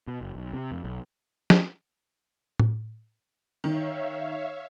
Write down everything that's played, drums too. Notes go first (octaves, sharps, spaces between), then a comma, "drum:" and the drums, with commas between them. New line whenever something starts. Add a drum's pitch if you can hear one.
B2
F#1
B1
C3
F2
B1
drum: snare
drum: tom A2
D#3 C#5 E5 F5